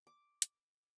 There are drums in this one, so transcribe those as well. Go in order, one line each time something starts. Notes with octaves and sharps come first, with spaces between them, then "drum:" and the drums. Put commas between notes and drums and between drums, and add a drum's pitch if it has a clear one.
D6
drum: hi-hat